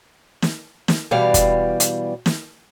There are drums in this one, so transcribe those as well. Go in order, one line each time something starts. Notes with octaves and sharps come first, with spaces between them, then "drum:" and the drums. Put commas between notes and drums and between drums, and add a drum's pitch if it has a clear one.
drum: snare
drum: snare
B2 E3 G3 D5 F5
drum: kick, hi-hat
drum: hi-hat
drum: snare